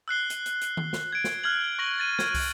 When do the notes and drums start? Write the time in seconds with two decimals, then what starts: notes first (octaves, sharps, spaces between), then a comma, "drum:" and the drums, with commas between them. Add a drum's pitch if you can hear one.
0.08 E6 F#6 C7 G7
0.30 drum: hi-hat
0.46 drum: hi-hat
0.61 drum: hi-hat
0.77 drum: tom D#3
0.93 drum: snare
1.12 G#6 D7
1.24 drum: snare
1.43 F6 F#6 G#6 F#7
1.79 C#6 A#6 F#7
1.99 A6 D#7
2.19 G#6, drum: snare
2.34 drum: kick, open hi-hat